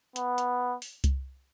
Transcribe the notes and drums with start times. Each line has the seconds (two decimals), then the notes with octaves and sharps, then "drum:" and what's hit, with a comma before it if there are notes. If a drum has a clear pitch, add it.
0.16 B3, drum: hi-hat
0.38 drum: hi-hat
0.82 drum: open hi-hat
1.04 drum: kick C2, hi-hat